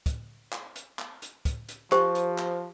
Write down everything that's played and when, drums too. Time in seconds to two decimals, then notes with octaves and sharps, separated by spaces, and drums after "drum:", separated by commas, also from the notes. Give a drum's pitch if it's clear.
0.06 drum: kick, hi-hat
0.52 drum: clap
0.76 drum: hi-hat
0.99 drum: clap
1.22 drum: hi-hat
1.45 drum: kick, hi-hat
1.69 drum: hi-hat
1.92 F3 G4 C5, drum: clap
2.15 drum: hi-hat
2.38 drum: clap